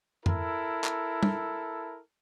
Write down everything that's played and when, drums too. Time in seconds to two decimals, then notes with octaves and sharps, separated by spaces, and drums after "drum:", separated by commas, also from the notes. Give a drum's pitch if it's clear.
0.26 E4 A4 A#4, drum: tom F2
0.84 drum: clap
1.23 drum: tom G3